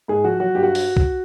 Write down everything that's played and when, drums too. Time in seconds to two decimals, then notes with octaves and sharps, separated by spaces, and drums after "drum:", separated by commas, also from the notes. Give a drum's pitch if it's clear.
0.08 G#2 G#4
0.24 F3 F#4
0.40 F#3 F#4
0.55 G2 G4
0.63 F#4
0.75 drum: open hi-hat
0.97 drum: kick